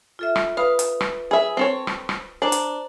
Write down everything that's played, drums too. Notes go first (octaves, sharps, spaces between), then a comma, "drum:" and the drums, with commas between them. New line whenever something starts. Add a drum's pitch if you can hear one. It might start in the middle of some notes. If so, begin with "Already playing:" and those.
F4 A4 E5
drum: rim click
B4 F5 B5 D#6
drum: hi-hat
drum: rim click
G#4 E5 B5
C4 A4 C#5
drum: rim click
drum: rim click
D4 C5 D5 A#5 D6
drum: hi-hat